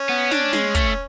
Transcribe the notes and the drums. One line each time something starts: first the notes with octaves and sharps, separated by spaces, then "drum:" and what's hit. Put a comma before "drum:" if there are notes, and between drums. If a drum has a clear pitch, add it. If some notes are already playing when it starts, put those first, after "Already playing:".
Already playing: C#4
B3
D4, drum: snare
G#3, drum: snare
A3, drum: kick, hi-hat